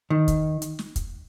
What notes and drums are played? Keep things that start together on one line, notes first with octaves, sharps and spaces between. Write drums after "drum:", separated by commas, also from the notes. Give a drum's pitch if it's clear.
D#3
drum: kick, hi-hat
drum: hi-hat
drum: snare
drum: kick, hi-hat